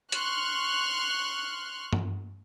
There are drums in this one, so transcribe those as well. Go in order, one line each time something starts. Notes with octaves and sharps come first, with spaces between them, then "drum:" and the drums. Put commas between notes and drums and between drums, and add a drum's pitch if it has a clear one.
C6 C#6 F6 F#6, drum: hi-hat
drum: tom G2